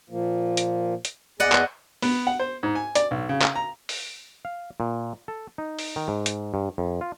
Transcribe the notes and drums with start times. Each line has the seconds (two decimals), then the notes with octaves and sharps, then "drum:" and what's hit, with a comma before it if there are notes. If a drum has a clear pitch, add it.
0.10 A#2 F3 A#3
0.57 drum: hi-hat
1.05 drum: hi-hat
1.40 E2 G#4 D5 D#5 F#5
1.52 drum: clap
2.02 B3, drum: open hi-hat
2.27 F#5
2.40 C5
2.63 G#2
2.75 G#5
2.95 D5, drum: hi-hat
3.11 B1
3.29 C#3
3.42 drum: clap
3.55 A#5
3.89 drum: open hi-hat
4.45 F5
4.80 A#2
5.28 A4
5.58 D#4
5.79 drum: open hi-hat
5.96 D#3
6.08 G#2
6.26 drum: hi-hat
6.54 G2
6.78 F2
7.01 F4